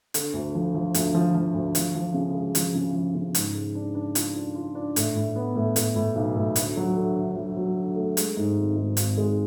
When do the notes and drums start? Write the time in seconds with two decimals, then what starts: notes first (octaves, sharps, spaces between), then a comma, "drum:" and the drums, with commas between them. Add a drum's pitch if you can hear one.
0.14 D3, drum: hi-hat
0.34 D2
0.55 F3
0.75 F3
0.94 D2, drum: hi-hat
1.15 F3
1.35 F3
1.54 D2
1.75 F3, drum: hi-hat
1.95 F3
2.14 C#3
2.34 G#3
2.55 F3, drum: hi-hat
2.75 C#3
2.95 F3
3.15 C#3
3.35 G#2, drum: hi-hat
3.55 G#3
3.75 D4
3.95 D4
4.15 F4, drum: hi-hat
4.36 D4
4.55 F4
4.75 D4
4.96 A2, drum: hi-hat
5.16 A2
5.36 B3
5.56 A2
5.76 A2, drum: hi-hat
5.96 A2
6.16 B1
6.36 A2
6.56 D2, drum: hi-hat
6.77 F#3
6.96 D3
7.17 D3
7.37 F#3
7.57 F#3
7.76 D3
7.96 A3
8.17 G#3, drum: hi-hat
8.37 G#2
8.57 G#1
8.77 G#2
8.97 G#1, drum: hi-hat
9.18 G#3